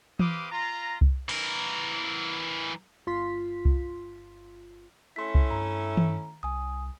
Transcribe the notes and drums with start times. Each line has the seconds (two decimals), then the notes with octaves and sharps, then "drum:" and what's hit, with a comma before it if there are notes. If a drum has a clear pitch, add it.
0.19 C4 G4 B4 F5 D6 D#6, drum: tom E3
0.52 F4 A#5
1.01 drum: kick C2
1.29 E3 A#4, drum: cymbal
3.07 G1 F4 C6 B6
3.65 drum: kick C2
5.16 A3 C#4 E4 C6 B6
5.35 drum: kick C2
5.51 G2 A#5
5.97 drum: tom D#3
6.43 C2 G#5 D#6